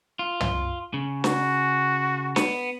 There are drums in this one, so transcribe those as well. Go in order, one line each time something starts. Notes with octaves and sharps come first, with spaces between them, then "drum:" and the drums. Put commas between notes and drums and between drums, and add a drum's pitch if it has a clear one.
F4
drum: tom
C#3
F#4, drum: snare
B3, drum: snare